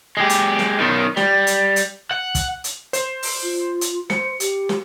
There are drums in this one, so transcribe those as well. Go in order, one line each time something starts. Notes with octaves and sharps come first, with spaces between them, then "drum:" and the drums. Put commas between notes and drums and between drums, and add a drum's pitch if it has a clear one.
G#3 G4
drum: hi-hat
drum: snare
B1 D#3
G3, drum: snare
drum: hi-hat
drum: hi-hat
F#5
drum: kick, hi-hat
drum: hi-hat
C5, drum: hi-hat
drum: open hi-hat
F4
drum: hi-hat
C5 C#7, drum: snare
G4, drum: hi-hat
drum: snare